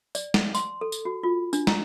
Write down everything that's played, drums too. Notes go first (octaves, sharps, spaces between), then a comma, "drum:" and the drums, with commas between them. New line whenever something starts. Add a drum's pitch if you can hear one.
D5, drum: tambourine
drum: snare
C6, drum: tambourine
A4
drum: tambourine
F#4
F4
D4, drum: tambourine
A#5, drum: snare